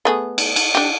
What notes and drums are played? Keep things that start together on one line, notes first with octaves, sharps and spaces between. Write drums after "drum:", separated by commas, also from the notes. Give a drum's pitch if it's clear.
A3 B3 G#4
drum: cymbal
drum: cymbal
D4 G4